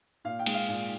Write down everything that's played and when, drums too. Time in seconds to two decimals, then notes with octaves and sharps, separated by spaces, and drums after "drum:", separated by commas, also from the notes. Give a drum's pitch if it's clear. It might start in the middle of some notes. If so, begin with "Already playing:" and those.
0.25 A#2 F5
0.39 G5
0.46 G#3, drum: cymbal
0.54 F5
0.69 A#2